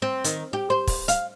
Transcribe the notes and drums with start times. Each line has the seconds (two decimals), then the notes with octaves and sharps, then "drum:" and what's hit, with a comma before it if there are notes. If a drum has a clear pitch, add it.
0.02 C4
0.24 D#3, drum: hi-hat
0.53 G4
0.70 C5
0.87 drum: kick, open hi-hat
1.08 F5, drum: hi-hat